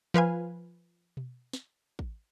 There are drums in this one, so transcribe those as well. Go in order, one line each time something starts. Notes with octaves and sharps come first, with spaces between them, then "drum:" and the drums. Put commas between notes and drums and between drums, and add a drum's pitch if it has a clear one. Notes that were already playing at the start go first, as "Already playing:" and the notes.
F3 B4 F5 G#5
drum: tom B2
drum: snare
drum: kick A1